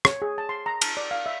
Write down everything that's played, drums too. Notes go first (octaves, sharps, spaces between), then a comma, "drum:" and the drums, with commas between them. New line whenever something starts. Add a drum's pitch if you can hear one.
C#5, drum: rim click
G#4
A5
C6
A#5
A5, drum: cymbal
D5
F5
E5